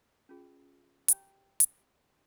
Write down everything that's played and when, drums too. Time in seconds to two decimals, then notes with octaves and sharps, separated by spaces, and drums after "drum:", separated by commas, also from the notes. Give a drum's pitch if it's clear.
0.29 C#4 F4 G#4
1.08 G4 C#5 G5 A#5 C#6, drum: hi-hat
1.60 drum: hi-hat